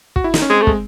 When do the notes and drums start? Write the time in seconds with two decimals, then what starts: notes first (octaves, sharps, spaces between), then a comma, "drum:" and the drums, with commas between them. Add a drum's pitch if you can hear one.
0.16 F#4, drum: kick
0.24 E4
0.34 D#4, drum: snare
0.42 C#4
0.50 G#3 C4
0.62 A3
0.67 G#3, drum: kick